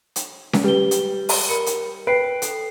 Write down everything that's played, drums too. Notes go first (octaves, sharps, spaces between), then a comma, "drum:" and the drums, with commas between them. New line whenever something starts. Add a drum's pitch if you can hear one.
drum: hi-hat
drum: snare C#4
G3 B4 G7
drum: hi-hat
drum: open hi-hat
A#4 B5 C#7
drum: hi-hat
B4 G5 C7 D7
A4, drum: hi-hat